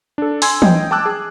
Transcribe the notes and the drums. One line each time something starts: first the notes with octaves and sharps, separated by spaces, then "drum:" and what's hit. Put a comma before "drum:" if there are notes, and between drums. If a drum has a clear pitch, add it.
D4 A4
G#5 C6 E6 G#6, drum: open hi-hat
D#5 G5, drum: tom E3
G5 A5 D6 E6 F#6
G#4